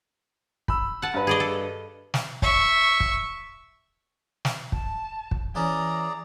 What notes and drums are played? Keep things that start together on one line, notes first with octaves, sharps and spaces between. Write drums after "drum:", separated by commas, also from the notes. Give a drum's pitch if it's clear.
B5 E6, drum: kick
F#5 A5
G2 B4
G#4 D5 D#5
A4
drum: snare
E5 C#6, drum: kick
drum: kick
drum: snare
A5, drum: kick
drum: kick
E3 C#4 G#4 D5 A#5